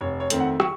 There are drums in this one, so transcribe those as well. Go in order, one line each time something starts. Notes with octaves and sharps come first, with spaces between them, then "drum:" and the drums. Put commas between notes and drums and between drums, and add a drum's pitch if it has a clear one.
F1 C#5
C#5
F2 D#3 A3 C4, drum: hi-hat
F#5
C#6, drum: rim click